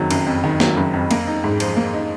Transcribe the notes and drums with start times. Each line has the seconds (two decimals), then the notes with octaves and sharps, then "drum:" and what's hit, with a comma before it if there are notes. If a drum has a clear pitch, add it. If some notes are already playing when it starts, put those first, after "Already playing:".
Already playing: F#1 F2 D#3 F#3
0.11 F#1, drum: cymbal
0.27 F2
0.44 D#3
0.60 F#3, drum: snare
0.77 F#1
0.93 F2
1.11 A#3, drum: cymbal
1.27 D#4
1.44 G#2
1.60 F3, drum: cymbal
1.77 A#3
1.94 D#4